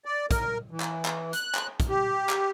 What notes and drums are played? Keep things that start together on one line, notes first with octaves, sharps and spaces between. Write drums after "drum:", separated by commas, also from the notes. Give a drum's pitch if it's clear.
D5
A#4, drum: kick, hi-hat
E3
drum: clap
drum: clap
F#6, drum: hi-hat
drum: clap
drum: kick, hi-hat
G4
drum: clap